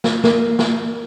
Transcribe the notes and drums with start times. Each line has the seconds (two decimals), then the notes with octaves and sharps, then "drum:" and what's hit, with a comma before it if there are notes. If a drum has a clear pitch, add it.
0.04 drum: snare
0.24 A#3, drum: snare
0.59 drum: snare